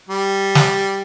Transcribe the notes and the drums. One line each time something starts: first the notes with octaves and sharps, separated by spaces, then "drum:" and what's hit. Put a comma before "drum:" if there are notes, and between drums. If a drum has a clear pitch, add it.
G3
drum: snare